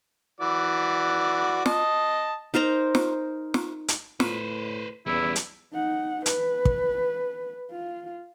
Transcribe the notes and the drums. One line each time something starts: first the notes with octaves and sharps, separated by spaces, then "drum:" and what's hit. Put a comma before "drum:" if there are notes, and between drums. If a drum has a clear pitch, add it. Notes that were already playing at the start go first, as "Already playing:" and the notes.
E3 F#4 D5
D#5 A5, drum: snare
D#4 A#4 C5 A#5
drum: snare
drum: snare
drum: hi-hat
A2 B4 C5, drum: snare
E2 G3 C#4 E4
drum: hi-hat
D#4 F#5
B4, drum: hi-hat
drum: kick
F4